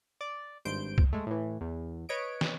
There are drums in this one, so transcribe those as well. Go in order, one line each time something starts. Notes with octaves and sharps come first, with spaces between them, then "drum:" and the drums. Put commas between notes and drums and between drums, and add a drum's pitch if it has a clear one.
D5
G#1 G2 C5 G6 D7
drum: kick
G#3 A3
A2 E3
E2
B4 C#5 D#5 D7
drum: snare